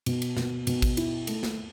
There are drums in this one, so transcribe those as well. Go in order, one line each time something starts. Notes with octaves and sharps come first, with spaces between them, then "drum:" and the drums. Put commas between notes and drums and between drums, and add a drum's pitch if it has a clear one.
B2, drum: cymbal
drum: cymbal
B2, drum: snare
B2, drum: cymbal
drum: kick, cymbal
E4, drum: cymbal
A3, drum: cymbal
drum: snare